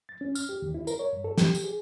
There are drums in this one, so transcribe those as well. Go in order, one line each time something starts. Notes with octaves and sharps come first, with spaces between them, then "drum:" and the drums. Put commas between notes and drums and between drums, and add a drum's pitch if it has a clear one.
A6
C#4
F6, drum: tambourine
G4
D#2
E4
A#4, drum: tambourine
C#5
G2
A4
G4, drum: snare
drum: tambourine
G#4